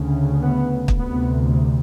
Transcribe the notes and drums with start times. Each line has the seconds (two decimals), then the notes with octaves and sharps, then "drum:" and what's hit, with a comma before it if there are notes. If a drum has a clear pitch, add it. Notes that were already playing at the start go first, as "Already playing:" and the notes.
Already playing: D2 C#3
0.41 B3
0.88 drum: kick
1.00 D2 C3 B3